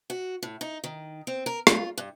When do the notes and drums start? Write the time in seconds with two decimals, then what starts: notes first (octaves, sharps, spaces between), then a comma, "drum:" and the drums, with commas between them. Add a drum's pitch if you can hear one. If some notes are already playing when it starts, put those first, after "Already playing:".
0.10 F#4
0.43 A2
0.61 D#4
0.84 D#3
1.27 C4
1.46 A#4
1.67 F4, drum: rim click
1.98 G2